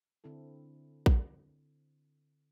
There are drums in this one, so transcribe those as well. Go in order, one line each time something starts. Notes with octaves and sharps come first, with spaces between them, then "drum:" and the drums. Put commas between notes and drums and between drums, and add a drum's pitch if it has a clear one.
D3 C4 E4 A4
drum: kick